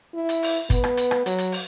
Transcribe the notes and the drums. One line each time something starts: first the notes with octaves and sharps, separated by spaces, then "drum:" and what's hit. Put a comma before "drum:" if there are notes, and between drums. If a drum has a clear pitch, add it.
E4
drum: hi-hat
drum: open hi-hat
B3, drum: kick, hi-hat
drum: rim click
drum: hi-hat
drum: rim click
F#3, drum: hi-hat
drum: hi-hat
drum: open hi-hat